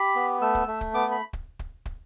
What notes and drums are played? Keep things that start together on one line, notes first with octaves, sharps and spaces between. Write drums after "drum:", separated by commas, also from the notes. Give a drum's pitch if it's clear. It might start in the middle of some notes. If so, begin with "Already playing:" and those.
Already playing: G4 B5
B3
A3 E6
drum: kick
A3
drum: kick
B3 D6
B5
drum: kick
drum: kick
drum: kick